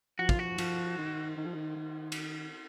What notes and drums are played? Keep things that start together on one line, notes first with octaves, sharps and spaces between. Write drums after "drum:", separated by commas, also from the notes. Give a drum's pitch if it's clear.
F3 F#4
F4, drum: kick
F#4
F3, drum: cymbal
D#3
D#3
F3
D#3
D#3
drum: cymbal